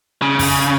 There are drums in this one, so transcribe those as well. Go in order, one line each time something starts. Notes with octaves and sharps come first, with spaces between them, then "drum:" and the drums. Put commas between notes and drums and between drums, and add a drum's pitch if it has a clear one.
C#3
drum: kick, open hi-hat